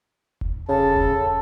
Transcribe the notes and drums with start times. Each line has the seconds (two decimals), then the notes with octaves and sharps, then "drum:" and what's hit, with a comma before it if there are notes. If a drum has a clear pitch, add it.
0.41 drum: kick E1
0.69 C#3 A4
0.96 drum: kick E1